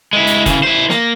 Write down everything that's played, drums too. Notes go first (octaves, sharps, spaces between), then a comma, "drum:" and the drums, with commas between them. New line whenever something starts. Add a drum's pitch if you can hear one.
G#3 E4
drum: hi-hat
C#3 E3, drum: kick F1, hi-hat
E4 C5
A#3, drum: snare